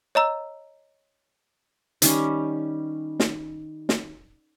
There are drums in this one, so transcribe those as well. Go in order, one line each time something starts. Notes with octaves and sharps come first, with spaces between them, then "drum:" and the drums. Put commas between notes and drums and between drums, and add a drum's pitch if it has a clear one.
C#5 D#5 A#5 E6
D#3 G3 C#4, drum: hi-hat
drum: snare
drum: snare